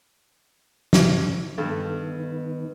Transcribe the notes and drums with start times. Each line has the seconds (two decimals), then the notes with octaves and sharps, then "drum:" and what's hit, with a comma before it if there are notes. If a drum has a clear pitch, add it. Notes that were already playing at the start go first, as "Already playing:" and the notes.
0.93 drum: snare
1.58 G2 D#3 B3 A4